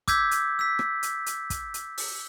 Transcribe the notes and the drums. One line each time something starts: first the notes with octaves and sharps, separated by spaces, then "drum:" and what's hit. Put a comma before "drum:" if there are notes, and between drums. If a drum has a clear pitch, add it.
D6 E6 G6 G#6 B6, drum: kick, hi-hat
drum: hi-hat
E6 B6
drum: rim click
drum: hi-hat
drum: hi-hat
drum: kick, hi-hat
drum: hi-hat
drum: open hi-hat